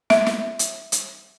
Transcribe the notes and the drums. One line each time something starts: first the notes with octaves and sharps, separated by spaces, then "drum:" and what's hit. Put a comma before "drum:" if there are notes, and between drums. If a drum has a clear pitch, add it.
E5, drum: snare
drum: snare
drum: hi-hat
drum: hi-hat